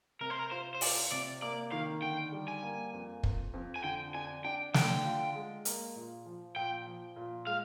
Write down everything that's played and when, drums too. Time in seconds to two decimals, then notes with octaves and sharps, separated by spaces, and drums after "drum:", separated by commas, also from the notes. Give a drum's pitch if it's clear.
0.21 C3 A#4
0.30 C5
0.39 A#4
0.51 F4 C5
0.75 C5
0.81 F4 D5, drum: open hi-hat
1.11 C3 D5
1.42 A#3 D5
1.72 D#3 F5
2.02 D3 G5
2.32 G3
2.48 G#5
2.62 A#3
2.93 F2
3.23 F2, drum: kick
3.54 F2
3.76 G#5
3.84 D3 G5
4.14 D4 G#5
4.44 D4 G5
4.74 D3 G5, drum: snare
5.05 F4
5.35 G#3
5.65 A#3, drum: hi-hat
5.96 A#2
6.26 F3
6.56 A#2 G5
6.86 F3
7.16 A#2
7.46 G#3 F5